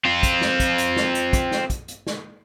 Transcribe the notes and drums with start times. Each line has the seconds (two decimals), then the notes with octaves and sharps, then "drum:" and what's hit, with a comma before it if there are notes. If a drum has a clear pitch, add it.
0.05 C4 F4
0.23 drum: kick, hi-hat
0.41 drum: snare
0.60 drum: kick, hi-hat
0.78 drum: hi-hat
0.96 drum: snare
1.15 drum: hi-hat
1.33 drum: kick, hi-hat
1.52 drum: snare
1.70 drum: kick, hi-hat
1.88 drum: hi-hat
2.07 drum: snare